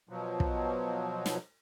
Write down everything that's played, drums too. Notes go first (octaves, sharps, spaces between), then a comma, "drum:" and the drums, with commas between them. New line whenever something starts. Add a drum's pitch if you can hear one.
B2 F3 F#3
drum: kick
drum: snare